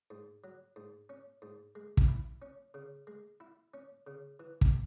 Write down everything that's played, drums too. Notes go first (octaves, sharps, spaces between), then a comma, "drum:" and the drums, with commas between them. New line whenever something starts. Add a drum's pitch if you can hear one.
G#2
F#3
G#2
C#4
G#2
G#3
drum: kick
E4
C#4
C#3
G#3
E4
C#4
C#3
E3
drum: kick